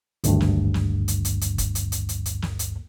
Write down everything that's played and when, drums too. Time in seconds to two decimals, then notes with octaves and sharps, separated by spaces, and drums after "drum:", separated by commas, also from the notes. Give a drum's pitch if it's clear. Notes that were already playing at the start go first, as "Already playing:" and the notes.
0.24 G#1 D2 G2, drum: hi-hat
0.41 drum: snare
0.74 drum: snare
1.08 drum: hi-hat
1.25 drum: hi-hat
1.41 drum: hi-hat
1.58 drum: kick F#1, hi-hat
1.75 drum: hi-hat
1.92 drum: hi-hat
2.09 drum: hi-hat
2.26 drum: hi-hat
2.42 drum: snare
2.59 drum: hi-hat